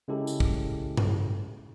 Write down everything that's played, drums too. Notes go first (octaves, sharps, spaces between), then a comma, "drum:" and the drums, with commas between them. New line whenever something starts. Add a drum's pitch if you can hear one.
C#3 G#3 C#4 E4 G4 A4
drum: tambourine
drum: kick
drum: tom G2